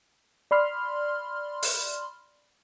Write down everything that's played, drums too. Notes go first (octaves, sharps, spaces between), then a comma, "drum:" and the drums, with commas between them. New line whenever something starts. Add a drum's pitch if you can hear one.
D5 B5 C6 F6
drum: open hi-hat